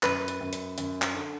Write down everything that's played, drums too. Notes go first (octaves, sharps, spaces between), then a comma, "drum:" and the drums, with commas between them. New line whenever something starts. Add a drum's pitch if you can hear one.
F#2 B4, drum: clap
drum: hi-hat
F#2
drum: hi-hat
F#2, drum: hi-hat
drum: clap
D3